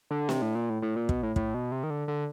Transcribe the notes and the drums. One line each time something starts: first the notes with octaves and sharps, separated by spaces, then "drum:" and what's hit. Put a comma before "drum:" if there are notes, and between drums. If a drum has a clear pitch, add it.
D3
C3, drum: snare
A2
A#2
A2
A2
A#2
B2, drum: kick
A2
A2, drum: kick
B2
C3
D#3
D3
D3